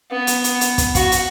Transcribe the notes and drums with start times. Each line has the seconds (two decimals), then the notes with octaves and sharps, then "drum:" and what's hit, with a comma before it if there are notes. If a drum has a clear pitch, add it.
0.11 B3
0.27 drum: hi-hat
0.44 drum: hi-hat
0.61 drum: hi-hat
0.78 drum: kick, hi-hat
0.95 F#4, drum: kick, hi-hat
1.12 drum: hi-hat